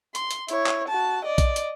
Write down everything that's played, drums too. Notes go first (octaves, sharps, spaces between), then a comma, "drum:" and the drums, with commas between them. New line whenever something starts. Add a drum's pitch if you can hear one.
C6, drum: hi-hat
drum: hi-hat
E4 C#5, drum: hi-hat
drum: clap
F#4 A5
D5 D#5
drum: kick A#1, hi-hat
drum: hi-hat